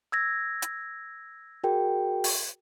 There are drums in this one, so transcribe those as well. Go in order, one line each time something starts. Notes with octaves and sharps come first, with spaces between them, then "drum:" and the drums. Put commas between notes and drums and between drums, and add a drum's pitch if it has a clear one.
E6 G#6 A#6
drum: hi-hat
F#4 G#4 A#4 G5
drum: open hi-hat